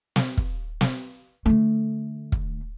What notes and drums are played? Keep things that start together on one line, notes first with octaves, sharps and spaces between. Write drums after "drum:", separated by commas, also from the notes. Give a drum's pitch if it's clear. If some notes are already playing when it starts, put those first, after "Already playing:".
drum: snare
drum: kick
drum: snare
D3 A3
drum: kick